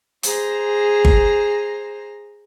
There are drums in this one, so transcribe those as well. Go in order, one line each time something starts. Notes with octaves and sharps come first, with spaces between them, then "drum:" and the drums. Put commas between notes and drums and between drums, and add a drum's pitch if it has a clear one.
G#4 C5 A#5, drum: hi-hat
drum: kick G1